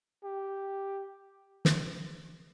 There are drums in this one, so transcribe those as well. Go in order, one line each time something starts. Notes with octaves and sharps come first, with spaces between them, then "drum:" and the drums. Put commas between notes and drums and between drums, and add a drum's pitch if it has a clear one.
G4
drum: snare